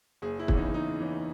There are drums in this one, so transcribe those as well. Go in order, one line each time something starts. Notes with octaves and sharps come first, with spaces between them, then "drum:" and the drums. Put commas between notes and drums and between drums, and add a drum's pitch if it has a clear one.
F#1 G#4
E4
E2 C#3 E3, drum: kick
D#4
F#1 D#4
E2 C#3 E3